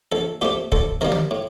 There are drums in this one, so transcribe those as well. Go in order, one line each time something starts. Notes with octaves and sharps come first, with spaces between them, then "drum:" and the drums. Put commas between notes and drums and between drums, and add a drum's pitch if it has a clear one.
A#1 A4
A#2 A3 C4 G4
D2 A4, drum: kick
C3 D#3 G3 A#3 A#4
drum: tom
A2